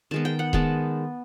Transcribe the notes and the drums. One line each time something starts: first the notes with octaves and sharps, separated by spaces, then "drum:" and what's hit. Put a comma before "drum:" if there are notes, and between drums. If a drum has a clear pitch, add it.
D#3 G#3 B3 A5
G5
F#5
D#3 G#3 B3 A5, drum: kick D#1